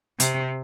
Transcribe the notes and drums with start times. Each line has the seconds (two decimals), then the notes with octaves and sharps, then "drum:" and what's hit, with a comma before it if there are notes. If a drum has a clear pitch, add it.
0.20 C3, drum: hi-hat